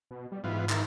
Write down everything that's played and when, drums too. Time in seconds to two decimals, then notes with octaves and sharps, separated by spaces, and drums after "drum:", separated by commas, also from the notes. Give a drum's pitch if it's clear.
0.11 B2
0.32 G3
0.44 G#2 E3 B3 F4
0.69 D#3 E4 A#4, drum: clap